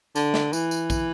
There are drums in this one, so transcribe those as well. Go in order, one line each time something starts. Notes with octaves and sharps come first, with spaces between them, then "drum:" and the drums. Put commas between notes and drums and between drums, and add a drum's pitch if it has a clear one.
D3, drum: tambourine
drum: snare
E3, drum: tambourine
drum: tambourine
drum: kick, tambourine